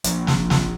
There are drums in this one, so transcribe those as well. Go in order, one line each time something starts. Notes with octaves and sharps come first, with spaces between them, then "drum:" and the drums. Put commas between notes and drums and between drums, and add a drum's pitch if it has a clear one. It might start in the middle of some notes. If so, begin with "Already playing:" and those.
A#1, drum: hi-hat
drum: snare
drum: snare